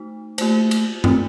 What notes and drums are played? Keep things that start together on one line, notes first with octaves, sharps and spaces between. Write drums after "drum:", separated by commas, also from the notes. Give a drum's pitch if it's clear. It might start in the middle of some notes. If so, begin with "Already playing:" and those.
Already playing: A3 D#4
A3 A#3 F4 C5, drum: cymbal
drum: cymbal
A3 C4 C#4 F4, drum: tom F#2